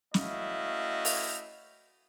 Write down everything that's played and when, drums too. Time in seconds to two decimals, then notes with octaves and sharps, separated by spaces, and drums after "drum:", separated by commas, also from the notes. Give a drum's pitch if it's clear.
0.14 A3 C#4 E4 F#4 D#5 F5, drum: snare
1.05 drum: open hi-hat